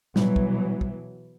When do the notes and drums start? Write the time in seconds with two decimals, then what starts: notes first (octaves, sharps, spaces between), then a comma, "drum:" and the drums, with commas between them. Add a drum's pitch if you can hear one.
0.16 B2 E3 F#3 G3, drum: snare
0.36 drum: kick
0.81 drum: kick